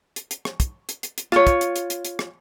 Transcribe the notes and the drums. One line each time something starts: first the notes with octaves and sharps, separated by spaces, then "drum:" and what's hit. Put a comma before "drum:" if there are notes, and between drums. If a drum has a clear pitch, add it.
drum: hi-hat
drum: hi-hat
drum: rim click
drum: kick, hi-hat
drum: hi-hat
drum: hi-hat
drum: hi-hat
F4 C#5, drum: rim click
drum: kick, hi-hat
drum: hi-hat
drum: hi-hat
drum: hi-hat
drum: hi-hat
drum: rim click